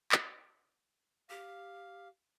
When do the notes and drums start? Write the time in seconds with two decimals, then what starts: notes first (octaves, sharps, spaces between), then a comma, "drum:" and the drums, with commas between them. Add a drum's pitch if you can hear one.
0.12 drum: clap
1.30 G4 F5